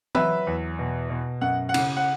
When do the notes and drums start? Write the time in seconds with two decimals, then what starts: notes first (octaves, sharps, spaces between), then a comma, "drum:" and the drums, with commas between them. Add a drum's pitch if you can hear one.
0.15 F#3 B4 E5, drum: tom
0.47 E2
0.79 B2
1.10 B2
1.41 F#2 F#5
1.69 F#5
1.74 C#3, drum: cymbal
1.97 F#5